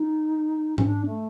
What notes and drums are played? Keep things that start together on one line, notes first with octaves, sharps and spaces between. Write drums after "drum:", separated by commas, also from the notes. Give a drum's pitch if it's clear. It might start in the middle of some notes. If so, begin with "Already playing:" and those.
Already playing: D#4
C#4, drum: tom G#2
D4
A3